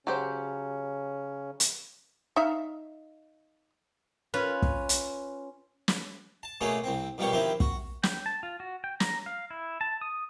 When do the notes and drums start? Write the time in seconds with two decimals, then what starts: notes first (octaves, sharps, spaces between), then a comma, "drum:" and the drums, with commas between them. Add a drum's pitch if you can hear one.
0.07 C#3 F#3 C#4 G4 C5
1.60 drum: hi-hat
2.36 D#4 E5 F5
4.34 C#4 F4 B4
4.62 drum: kick
4.89 drum: hi-hat
5.88 drum: snare
6.43 A5
6.61 B2 A3 A#3 C#4 G#4
6.84 C2 C4
7.18 F2 B2 G3 A#3 G5 C#6
7.32 D#3 F3 C4 E4 G4
7.60 F#4, drum: kick
8.03 G5, drum: snare
8.26 A5
8.43 F4
8.60 F#4
8.84 G5
9.00 A#5, drum: snare
9.26 F5
9.51 E4
9.81 A5
10.01 D#6